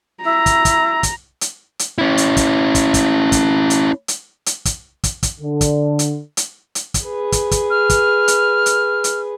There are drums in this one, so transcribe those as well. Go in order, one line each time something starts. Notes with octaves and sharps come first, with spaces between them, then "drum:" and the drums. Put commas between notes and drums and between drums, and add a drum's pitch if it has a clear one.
E4 A#5
drum: kick, hi-hat
drum: kick, hi-hat
drum: kick, hi-hat
drum: hi-hat
drum: hi-hat
C#4 E4
drum: hi-hat
drum: kick, hi-hat
drum: kick, hi-hat
drum: kick, hi-hat
drum: kick, hi-hat
drum: hi-hat
drum: hi-hat
drum: hi-hat
drum: kick, hi-hat
drum: kick, hi-hat
drum: kick, hi-hat
D3
drum: kick, hi-hat
drum: hi-hat
drum: hi-hat
drum: hi-hat
drum: kick, hi-hat
G#4 B4
drum: kick, hi-hat
drum: kick, hi-hat
F6
drum: kick, hi-hat
drum: hi-hat
drum: hi-hat
drum: hi-hat